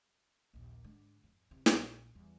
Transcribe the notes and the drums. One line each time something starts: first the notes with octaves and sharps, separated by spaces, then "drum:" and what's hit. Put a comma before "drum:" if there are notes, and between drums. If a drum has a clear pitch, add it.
A#1 D#2
G#2 D3
F2
E2 C3
A#1, drum: snare
E2 G3